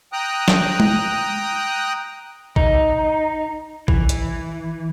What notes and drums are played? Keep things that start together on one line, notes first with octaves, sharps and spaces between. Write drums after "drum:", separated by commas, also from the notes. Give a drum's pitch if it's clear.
G5 A#5 D#6 F#6
drum: snare
drum: tom G#3
D#4, drum: kick
E3, drum: kick
drum: hi-hat